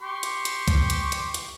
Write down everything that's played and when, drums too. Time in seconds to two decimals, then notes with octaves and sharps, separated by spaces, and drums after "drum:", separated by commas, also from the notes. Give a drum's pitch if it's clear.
0.01 G4 C6 C#6
0.23 drum: hi-hat
0.45 drum: hi-hat
0.68 drum: kick C2, hi-hat
0.90 drum: hi-hat
1.12 drum: hi-hat
1.34 drum: hi-hat